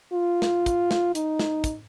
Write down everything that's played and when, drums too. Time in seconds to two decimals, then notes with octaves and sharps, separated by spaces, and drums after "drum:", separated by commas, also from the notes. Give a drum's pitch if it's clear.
0.13 F4
0.42 drum: snare
0.66 drum: kick, hi-hat
0.91 drum: snare
1.15 D#4, drum: hi-hat
1.39 drum: snare
1.64 drum: kick, hi-hat